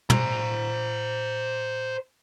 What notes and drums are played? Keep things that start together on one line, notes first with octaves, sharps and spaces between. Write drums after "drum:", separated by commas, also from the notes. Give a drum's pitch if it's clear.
C5 A#5, drum: tom